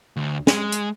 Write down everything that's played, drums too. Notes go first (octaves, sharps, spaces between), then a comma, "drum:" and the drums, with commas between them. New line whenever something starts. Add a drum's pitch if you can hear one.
D2
G#3, drum: snare
drum: hi-hat